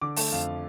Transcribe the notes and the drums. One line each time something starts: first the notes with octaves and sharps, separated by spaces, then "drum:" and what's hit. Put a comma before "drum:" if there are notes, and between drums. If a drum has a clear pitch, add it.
D3 D6
A3 A5, drum: open hi-hat
F2 F5